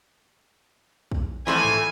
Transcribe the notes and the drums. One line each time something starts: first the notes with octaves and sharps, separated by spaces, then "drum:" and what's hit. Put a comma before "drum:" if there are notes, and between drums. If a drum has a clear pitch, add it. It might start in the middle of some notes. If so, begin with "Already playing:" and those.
drum: kick
E3 F3 A3 G#5
drum: tom G#2